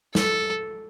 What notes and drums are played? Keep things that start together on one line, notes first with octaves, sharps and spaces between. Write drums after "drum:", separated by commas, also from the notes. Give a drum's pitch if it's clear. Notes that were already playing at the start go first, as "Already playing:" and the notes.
A4, drum: snare